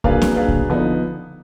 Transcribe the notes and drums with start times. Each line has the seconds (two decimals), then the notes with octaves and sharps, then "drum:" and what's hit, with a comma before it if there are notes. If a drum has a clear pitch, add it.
0.04 F#3 A#3 D4 G#4 B4 F5, drum: kick C2
0.22 drum: snare
0.36 F#3 D4 G#4 B4 F5
0.48 drum: kick C2
0.70 D3 F3 B3 D#4